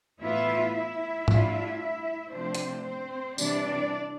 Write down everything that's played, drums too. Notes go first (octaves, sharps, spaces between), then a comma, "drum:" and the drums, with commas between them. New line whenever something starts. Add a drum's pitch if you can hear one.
A2 E3 B3 E4 F4 E5
E4 E5
A2 G3 D4 F4, drum: tom G#2
E4 E5
C3 F3 A3 C4 D4 C5
drum: hi-hat
C4 C5
C3 E3 G3 D4 D5, drum: tambourine